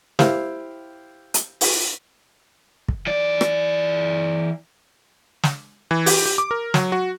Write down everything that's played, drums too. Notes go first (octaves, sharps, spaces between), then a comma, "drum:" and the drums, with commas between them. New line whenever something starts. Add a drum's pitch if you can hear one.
E4 G4 C5 F5, drum: snare
drum: hi-hat
drum: open hi-hat
drum: kick
E3 D5
drum: rim click
drum: snare
E3
G4, drum: open hi-hat
G4
D6
A#4
F#3, drum: snare
F#4